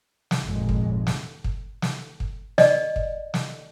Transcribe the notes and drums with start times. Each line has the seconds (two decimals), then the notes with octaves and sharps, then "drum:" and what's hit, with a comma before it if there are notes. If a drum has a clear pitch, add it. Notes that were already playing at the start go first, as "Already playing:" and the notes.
0.31 drum: snare
0.43 G#1 F2 A#2 G#3
0.69 drum: kick
1.07 drum: snare
1.44 drum: kick
1.82 drum: snare
2.20 drum: kick
2.58 D5 D#5, drum: snare
2.96 drum: kick
3.34 drum: snare